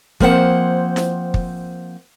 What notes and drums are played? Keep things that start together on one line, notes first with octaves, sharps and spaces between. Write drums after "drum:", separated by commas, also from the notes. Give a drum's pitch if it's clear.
F3 A#3 C4 C5 C#5 F#5, drum: kick
drum: snare E4
drum: kick